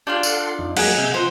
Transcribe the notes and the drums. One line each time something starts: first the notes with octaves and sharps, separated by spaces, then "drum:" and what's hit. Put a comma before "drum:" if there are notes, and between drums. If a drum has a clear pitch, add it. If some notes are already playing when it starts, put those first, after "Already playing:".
D4 F4 G4 D5 G5
A4 F#5 C6, drum: tambourine
F2 D#4
F#3 G#3 A#3 G#4 D#5 F#5, drum: cymbal
C3 E5 G6
F3 C5 F#5